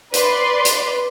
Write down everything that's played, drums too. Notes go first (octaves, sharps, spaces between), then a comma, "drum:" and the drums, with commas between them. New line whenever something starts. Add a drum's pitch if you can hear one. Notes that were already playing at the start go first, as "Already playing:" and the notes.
B4 D5 C6, drum: hi-hat
drum: hi-hat